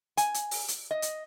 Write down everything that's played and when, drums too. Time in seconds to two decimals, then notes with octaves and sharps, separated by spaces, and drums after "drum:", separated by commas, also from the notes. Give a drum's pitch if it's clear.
0.17 G#5, drum: hi-hat
0.34 drum: hi-hat
0.51 drum: open hi-hat
0.68 drum: hi-hat
0.91 D#5
1.02 drum: hi-hat